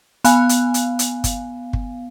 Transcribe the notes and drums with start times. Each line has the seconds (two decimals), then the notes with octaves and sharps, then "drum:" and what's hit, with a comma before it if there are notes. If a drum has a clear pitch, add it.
0.24 B3 F5 G#5, drum: hi-hat
0.49 drum: hi-hat
0.74 drum: hi-hat
0.99 drum: hi-hat
1.24 drum: kick, hi-hat
1.73 drum: kick